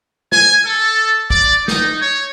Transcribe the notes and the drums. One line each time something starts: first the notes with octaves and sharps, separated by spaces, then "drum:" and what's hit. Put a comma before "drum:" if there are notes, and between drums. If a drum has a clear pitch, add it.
G#5, drum: snare
A4
D5, drum: kick
D#4, drum: snare
C#5